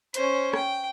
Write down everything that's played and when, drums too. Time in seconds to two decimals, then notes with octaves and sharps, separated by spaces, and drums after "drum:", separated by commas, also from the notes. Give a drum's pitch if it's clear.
0.14 C#4 C5, drum: hi-hat
0.53 G5, drum: rim click